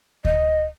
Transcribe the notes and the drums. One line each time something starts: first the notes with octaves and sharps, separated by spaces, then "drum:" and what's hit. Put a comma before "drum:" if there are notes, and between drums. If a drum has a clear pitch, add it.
D#5, drum: kick D2